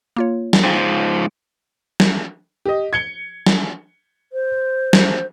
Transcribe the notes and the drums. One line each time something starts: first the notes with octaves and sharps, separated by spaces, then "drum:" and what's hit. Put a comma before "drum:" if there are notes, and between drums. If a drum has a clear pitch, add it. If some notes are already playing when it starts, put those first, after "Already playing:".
A#3 F4 C#5
drum: snare
G#2 F3 G5
drum: snare
G4 D#5
G#6 C#7 G7
drum: snare
C5
drum: snare